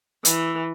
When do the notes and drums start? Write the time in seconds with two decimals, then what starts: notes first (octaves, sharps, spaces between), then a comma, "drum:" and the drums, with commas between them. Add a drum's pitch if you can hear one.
0.25 E3, drum: hi-hat